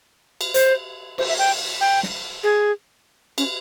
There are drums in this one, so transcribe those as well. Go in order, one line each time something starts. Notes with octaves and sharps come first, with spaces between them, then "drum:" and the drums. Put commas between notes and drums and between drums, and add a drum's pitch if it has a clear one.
drum: cymbal
C5, drum: hi-hat
C5, drum: cymbal
E5
G5
G5
drum: snare
G#4
C#4, drum: cymbal